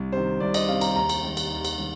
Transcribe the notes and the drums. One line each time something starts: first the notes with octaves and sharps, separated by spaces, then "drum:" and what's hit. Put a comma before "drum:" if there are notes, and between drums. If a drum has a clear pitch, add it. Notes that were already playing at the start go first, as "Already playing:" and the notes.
Already playing: C2
C3 D#3 C5
C2 D5
D#5, drum: cymbal
C3 D#3 F5
A#5, drum: cymbal
D#2 A#5
drum: cymbal
D#3 G3
drum: cymbal
D#2
drum: cymbal
D#3 G3